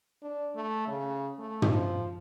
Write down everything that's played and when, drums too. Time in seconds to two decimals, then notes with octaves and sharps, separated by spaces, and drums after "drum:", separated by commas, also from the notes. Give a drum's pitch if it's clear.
0.22 D4
0.55 A3
0.87 C#3
1.39 A3
1.62 drum: tom
1.72 F3